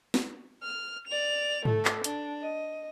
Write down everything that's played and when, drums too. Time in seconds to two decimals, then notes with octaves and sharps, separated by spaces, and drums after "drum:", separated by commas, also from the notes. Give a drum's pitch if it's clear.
0.14 drum: snare
0.63 F6
1.07 D5 F7
1.65 A3 A4, drum: tom G#2
1.85 drum: clap
2.04 D4, drum: hi-hat
2.42 D#5